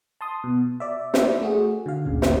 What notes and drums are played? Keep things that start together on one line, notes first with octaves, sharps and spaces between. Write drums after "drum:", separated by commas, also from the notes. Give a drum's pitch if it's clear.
A5 C6 D#6
B2
D5 E5
drum: snare
A3 F#4 G#4
D3 F5
G1 D2 A#2 C#3
drum: snare